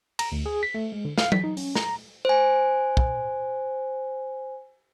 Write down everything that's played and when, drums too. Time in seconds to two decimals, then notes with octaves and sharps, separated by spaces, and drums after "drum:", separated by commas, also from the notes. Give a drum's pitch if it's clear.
0.19 A#5, drum: cymbal
0.32 D2
0.46 G#4
0.63 B6
0.75 A3
0.92 G#3
1.05 D3
1.18 F5, drum: snare
1.32 B6, drum: tom F#3
1.44 D#4
1.57 C#4, drum: open hi-hat
1.75 A#5, drum: snare
2.25 C5 G#5
2.97 drum: kick